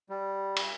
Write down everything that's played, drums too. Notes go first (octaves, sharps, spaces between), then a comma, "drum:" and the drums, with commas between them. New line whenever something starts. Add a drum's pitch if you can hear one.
G3
drum: cymbal